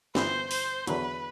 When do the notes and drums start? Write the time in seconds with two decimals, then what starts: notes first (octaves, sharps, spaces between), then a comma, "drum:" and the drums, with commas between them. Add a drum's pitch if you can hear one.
0.15 G1 G2 E3 B3 D4 C5, drum: snare
0.51 C5, drum: open hi-hat
0.87 E2 D3 F#3 B4, drum: hi-hat